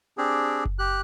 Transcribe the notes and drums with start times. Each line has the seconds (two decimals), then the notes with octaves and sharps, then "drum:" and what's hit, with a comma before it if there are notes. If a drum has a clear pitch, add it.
0.18 C4 D4 G4 G#4
0.65 drum: kick F#1
0.79 G4 F#6